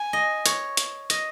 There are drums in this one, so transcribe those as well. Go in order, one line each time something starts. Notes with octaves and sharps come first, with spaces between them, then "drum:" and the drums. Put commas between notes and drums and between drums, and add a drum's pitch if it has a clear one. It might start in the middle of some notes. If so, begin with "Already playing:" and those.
Already playing: G#5
D#5
C#5, drum: hi-hat
drum: hi-hat
D#5, drum: hi-hat